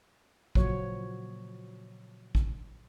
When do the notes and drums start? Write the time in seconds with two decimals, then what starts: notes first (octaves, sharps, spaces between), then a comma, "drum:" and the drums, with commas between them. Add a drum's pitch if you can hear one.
0.55 A#2 C#3 F3 F#3 F#4 C#5, drum: kick A1
2.35 drum: kick A1